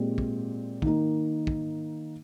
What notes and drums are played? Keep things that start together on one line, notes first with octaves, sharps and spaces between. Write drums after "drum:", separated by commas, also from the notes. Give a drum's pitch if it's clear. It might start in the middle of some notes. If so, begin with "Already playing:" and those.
Already playing: A#2 G#3 C4 G4
drum: kick
D#3 A#3 D#4, drum: kick
drum: kick